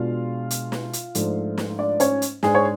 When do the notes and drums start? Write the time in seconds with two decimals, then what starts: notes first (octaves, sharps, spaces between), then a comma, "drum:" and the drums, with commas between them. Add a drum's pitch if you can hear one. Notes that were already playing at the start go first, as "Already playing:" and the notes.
Already playing: B2 G#3 D4 F4 F5
0.51 drum: hi-hat
0.72 drum: snare
0.93 drum: hi-hat
1.15 G#2 F3 A3 D4, drum: hi-hat
1.58 drum: snare
1.78 D4 D5
2.00 C#4 C#5, drum: hi-hat
2.22 drum: hi-hat
2.43 G#2 G#3 D4 G#4, drum: snare
2.55 C#5